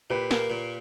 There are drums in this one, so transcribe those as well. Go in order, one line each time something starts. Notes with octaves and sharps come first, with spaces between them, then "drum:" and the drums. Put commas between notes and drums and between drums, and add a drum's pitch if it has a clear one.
A#2 G4 B4
A#3, drum: snare
A#2